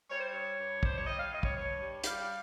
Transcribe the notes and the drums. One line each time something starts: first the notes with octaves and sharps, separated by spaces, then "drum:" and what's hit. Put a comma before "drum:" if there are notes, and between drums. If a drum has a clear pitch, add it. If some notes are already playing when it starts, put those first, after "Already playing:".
G3 C#5
C5
C#5
G2
G2
G3 C5, drum: kick
C#5
G3 D#5
F5
G2 D#5
C#5, drum: kick
G2 C#5
G3
G3 F5, drum: hi-hat